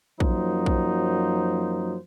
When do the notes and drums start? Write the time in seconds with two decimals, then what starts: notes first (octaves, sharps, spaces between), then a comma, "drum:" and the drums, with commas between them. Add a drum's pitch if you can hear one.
0.20 F#2 F3 F#3 A#3 D#4 C5, drum: kick
0.66 drum: kick